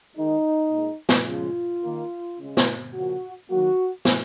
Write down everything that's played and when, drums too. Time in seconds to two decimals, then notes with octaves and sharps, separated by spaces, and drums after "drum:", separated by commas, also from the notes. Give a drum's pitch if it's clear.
0.16 D#3 G#3 D#4
0.71 A#2 G#3
1.09 drum: snare
1.27 C#3 F3 G#3 F4
1.83 D#3 A#3
2.39 C#3 G#3
2.57 drum: snare
2.94 C#3 F3 A#3 F#4
3.49 D#3 F#3 A#3 F#4
4.05 drum: snare